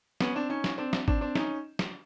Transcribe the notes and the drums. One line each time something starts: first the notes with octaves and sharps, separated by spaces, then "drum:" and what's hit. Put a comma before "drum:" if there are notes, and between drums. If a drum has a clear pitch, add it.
B3 C#4, drum: snare
C4 D4
C#4 D#4
drum: snare
C4 D4
drum: snare
C4 D4, drum: kick G#1
C4 D4
C#4 D#4, drum: snare
drum: snare